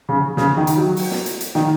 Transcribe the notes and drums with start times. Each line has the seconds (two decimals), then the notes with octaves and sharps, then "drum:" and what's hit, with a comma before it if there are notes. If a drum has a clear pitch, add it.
0.09 C#3
0.37 C#3, drum: snare
0.57 D#3
0.67 drum: hi-hat
0.77 F#3
0.96 drum: open hi-hat
1.11 drum: snare
1.26 drum: hi-hat
1.41 drum: hi-hat
1.55 D#3, drum: snare